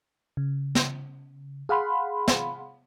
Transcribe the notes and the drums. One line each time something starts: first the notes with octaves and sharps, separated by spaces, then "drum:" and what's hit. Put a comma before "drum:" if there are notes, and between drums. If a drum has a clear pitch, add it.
C#3
drum: snare
G#4 F5 F#5 B5 C6
drum: snare